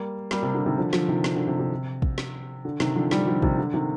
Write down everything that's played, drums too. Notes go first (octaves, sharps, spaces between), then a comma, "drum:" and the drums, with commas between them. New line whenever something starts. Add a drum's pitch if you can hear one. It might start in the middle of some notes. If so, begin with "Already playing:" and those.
Already playing: G3 A#3
G3 A#3, drum: snare
C3
D3
C3 D#3
D3 F3
D3 F3, drum: snare
C3 D#3
drum: snare
D3
C3
C3
drum: kick
drum: snare
D3
C3 D#3, drum: snare
D3 F3
D#3 G3, drum: snare
D3 F3
C3 D#3, drum: kick
D3
C3 D#3